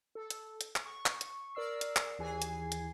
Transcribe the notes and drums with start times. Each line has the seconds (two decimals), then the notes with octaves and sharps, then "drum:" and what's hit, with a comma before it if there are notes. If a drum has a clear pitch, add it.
0.15 A4
0.30 drum: hi-hat
0.61 drum: hi-hat
0.76 drum: clap
0.86 C#6
1.06 drum: clap
1.21 drum: hi-hat
1.55 A#4 D5 E6 C7
1.81 drum: hi-hat
1.96 drum: clap
2.18 D#2 E3 G#4 G#5 C7
2.42 drum: hi-hat
2.72 drum: hi-hat